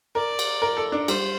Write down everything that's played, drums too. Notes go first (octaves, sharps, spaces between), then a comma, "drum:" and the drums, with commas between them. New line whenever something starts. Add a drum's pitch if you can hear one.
A#4 D5
drum: cymbal
A#4
A4
D4
G3 C5, drum: cymbal